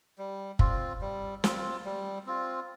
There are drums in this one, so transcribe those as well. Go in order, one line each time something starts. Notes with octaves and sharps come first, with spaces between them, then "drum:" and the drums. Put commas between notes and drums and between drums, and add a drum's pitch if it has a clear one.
G3
C4 F4, drum: kick
G3
C4 F4, drum: snare
G3
C4 F4